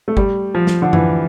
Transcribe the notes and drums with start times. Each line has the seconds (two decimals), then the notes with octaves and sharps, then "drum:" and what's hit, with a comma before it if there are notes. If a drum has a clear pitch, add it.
0.08 A3
0.17 G3, drum: kick G1
0.55 F3
0.67 drum: snare
0.82 D3
0.93 E3, drum: tom F#2